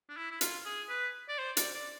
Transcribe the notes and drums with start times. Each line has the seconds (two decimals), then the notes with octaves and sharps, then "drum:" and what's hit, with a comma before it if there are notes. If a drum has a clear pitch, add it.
0.09 D4
0.17 E4
0.31 E4
0.41 F4, drum: hi-hat
0.66 G#4
0.89 B4
1.29 D5
1.39 C5
1.57 D5, drum: hi-hat
1.74 D5